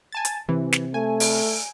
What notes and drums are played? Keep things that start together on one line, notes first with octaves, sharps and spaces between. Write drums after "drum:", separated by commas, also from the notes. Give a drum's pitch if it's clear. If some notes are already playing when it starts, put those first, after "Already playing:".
G#5 A5 A6
drum: hi-hat
C3 E3
drum: snare
A3 G#5
drum: open hi-hat